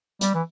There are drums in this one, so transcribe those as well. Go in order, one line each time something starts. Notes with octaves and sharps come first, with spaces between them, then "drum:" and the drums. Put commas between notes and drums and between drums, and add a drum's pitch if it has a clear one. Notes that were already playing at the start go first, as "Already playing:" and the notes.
G3, drum: hi-hat
E3